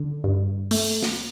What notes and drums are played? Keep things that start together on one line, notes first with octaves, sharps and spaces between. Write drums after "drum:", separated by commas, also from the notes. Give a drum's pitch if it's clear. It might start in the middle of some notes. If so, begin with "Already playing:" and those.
Already playing: D3
G2
A3, drum: open hi-hat
drum: snare